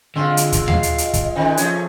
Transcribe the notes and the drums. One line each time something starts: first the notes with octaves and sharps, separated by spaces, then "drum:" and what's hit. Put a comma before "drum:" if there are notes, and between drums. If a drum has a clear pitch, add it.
D3 G#3 C4 F4
drum: hi-hat
drum: kick, hi-hat
D#5 F5, drum: tom D#2
drum: hi-hat
drum: hi-hat
drum: kick, hi-hat
G#2 C3 D#3
F3 A3 C#4 G#4, drum: hi-hat